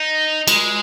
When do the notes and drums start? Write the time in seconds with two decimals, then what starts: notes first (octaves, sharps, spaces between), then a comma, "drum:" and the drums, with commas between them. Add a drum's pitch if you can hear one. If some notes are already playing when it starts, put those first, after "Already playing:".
Already playing: D#4
0.48 G#3, drum: cymbal